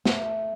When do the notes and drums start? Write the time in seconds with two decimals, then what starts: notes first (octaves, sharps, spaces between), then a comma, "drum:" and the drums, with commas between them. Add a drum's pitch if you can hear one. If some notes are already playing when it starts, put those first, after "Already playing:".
0.05 A3, drum: snare